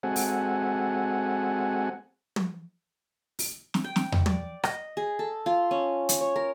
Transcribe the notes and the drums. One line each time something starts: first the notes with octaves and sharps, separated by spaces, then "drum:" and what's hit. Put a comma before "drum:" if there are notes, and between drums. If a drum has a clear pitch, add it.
G#3 C4 F#4 A4 F#5 G#5
drum: open hi-hat
drum: tom
drum: open hi-hat
drum: snare
G5
drum: snare
drum: tom
D5, drum: tom
D#5, drum: rim click
G#4
A4
F4
C#4
drum: hi-hat
C#5
A#4